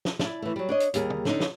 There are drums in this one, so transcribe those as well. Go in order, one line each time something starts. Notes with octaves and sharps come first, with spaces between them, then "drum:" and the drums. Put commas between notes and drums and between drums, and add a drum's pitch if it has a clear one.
drum: snare
E4 D5, drum: snare
E3 A3
F#3 G3
D4 C#5 D#5
drum: hi-hat
D#2 G3 G#4 A#4, drum: hi-hat
drum: tom
D3 C#4 D#4, drum: snare
drum: snare